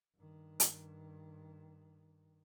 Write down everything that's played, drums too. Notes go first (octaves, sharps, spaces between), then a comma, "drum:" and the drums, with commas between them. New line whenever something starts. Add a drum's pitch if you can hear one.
G2 D#3
drum: hi-hat